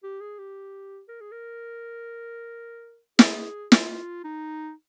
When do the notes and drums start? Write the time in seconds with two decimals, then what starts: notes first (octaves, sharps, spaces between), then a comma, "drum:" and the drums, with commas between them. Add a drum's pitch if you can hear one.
0.03 G4
0.21 G#4
0.39 G4
1.08 A#4
1.21 G#4
1.32 A#4
3.19 G#4, drum: snare
3.72 F4, drum: snare
4.24 D#4